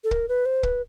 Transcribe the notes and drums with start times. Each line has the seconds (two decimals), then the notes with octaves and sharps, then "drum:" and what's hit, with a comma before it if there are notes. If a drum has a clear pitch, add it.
0.04 A4
0.11 A#4, drum: kick
0.28 B4
0.46 C5
0.63 B4, drum: kick